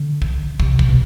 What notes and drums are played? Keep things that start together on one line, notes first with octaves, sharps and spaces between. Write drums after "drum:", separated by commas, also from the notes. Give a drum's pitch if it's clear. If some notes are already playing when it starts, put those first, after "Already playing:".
Already playing: D3
drum: kick
C3, drum: kick
drum: kick
B2